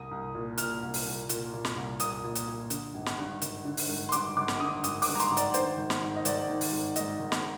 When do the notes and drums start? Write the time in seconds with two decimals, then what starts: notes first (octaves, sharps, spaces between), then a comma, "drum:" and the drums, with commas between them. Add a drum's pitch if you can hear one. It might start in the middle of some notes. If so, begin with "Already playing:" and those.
Already playing: C2 D#6
0.11 C2
0.35 A#2
0.58 A#2 F6, drum: hi-hat
0.82 C2
0.94 drum: open hi-hat
1.05 C2
1.29 A#2, drum: hi-hat
1.53 A#2
1.65 drum: snare
1.76 C2
2.00 C2 D#6, drum: hi-hat
2.24 A#2
2.35 drum: hi-hat
2.48 A#2
2.70 D3, drum: hi-hat
2.94 G#1
3.06 drum: snare
3.18 G2
3.42 G#1, drum: hi-hat
3.65 D3
3.77 drum: open hi-hat
3.89 G#1
4.09 C6
4.12 G2 D6, drum: hi-hat
4.37 G#1 D6
4.48 drum: snare
4.60 D3 D#6
4.84 G#1 D#6, drum: hi-hat
5.02 D6, drum: open hi-hat
5.08 G2
5.15 A#5
5.20 C6, drum: hi-hat
5.31 G#1
5.37 D5, drum: hi-hat
5.54 D#3 C5, drum: hi-hat
5.77 G#1
5.90 drum: snare
6.02 G#2
6.16 D#5
6.25 G#1 D5, drum: hi-hat
6.50 D#3
6.61 drum: open hi-hat
6.72 G#1
6.96 G#2 D#5, drum: hi-hat
7.20 G#1
7.32 drum: snare